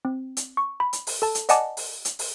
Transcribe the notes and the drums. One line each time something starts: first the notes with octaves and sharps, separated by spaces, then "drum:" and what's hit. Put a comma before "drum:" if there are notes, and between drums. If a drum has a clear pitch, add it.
C4
drum: hi-hat
C#6
B5
drum: hi-hat
drum: open hi-hat
A4 A5
drum: hi-hat
D5 D#5 F#5 G#5 A5 D6, drum: hi-hat
drum: open hi-hat
drum: hi-hat
drum: open hi-hat